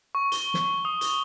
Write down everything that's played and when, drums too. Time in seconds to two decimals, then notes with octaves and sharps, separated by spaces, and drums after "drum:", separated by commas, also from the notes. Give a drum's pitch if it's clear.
0.15 C#6
0.32 G7, drum: hi-hat
0.54 drum: snare
0.85 D#6
1.01 G7, drum: hi-hat